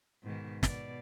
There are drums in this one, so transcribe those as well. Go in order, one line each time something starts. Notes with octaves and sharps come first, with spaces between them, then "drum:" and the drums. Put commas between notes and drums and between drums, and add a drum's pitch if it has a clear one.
G#2 B2 D#3
B2 D5, drum: snare